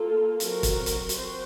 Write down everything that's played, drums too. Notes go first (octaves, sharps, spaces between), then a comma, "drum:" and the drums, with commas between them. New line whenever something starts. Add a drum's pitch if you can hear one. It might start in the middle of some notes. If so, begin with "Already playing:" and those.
Already playing: A#3 F4 A4
F#3 C4 F#4 A#4, drum: hi-hat
drum: kick, hi-hat
drum: hi-hat
C4 F#4 C5, drum: hi-hat